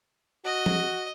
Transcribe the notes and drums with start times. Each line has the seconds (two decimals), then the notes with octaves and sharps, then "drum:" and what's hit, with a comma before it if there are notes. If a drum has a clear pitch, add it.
0.45 F#4 D#5
0.66 drum: tom F3